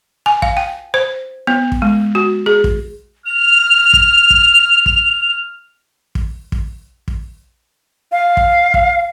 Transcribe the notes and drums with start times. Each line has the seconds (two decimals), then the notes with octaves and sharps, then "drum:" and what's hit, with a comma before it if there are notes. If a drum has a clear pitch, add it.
0.26 G#5
0.42 F5, drum: kick
0.57 G5
0.94 C5
1.47 B3
1.72 drum: kick
1.82 G#3
2.15 F#4
2.46 G#4
2.64 drum: kick
3.26 F6 F7
3.93 drum: kick
4.30 drum: kick
4.86 drum: kick
6.15 drum: kick
6.52 drum: kick
7.08 drum: kick
8.12 F5
8.37 drum: kick
8.74 drum: kick